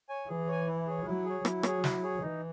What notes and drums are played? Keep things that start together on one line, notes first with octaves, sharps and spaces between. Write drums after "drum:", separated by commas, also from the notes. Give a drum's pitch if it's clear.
C#5 G#5
E3 G#4
C#5 G#5
E4
G#4 C#5
F#3 E4
G#4 C#5
F#3 E4, drum: rim click
G#4 C#5, drum: rim click
E4, drum: snare
G#4 C#5
E3 D#4